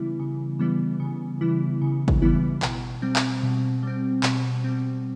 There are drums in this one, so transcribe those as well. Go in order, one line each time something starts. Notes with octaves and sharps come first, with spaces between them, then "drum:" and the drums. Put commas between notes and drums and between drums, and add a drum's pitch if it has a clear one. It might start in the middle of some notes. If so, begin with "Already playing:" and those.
Already playing: C#3 E3 G3 B3 E4
C#3
E3 G3 B3 E4
C#3
E3 G3 B3 E4
C#3
drum: kick
E3 G3 B3 E4
B2, drum: clap
G3 C4
drum: clap
B2
G3 C4
B2, drum: clap
G3 C4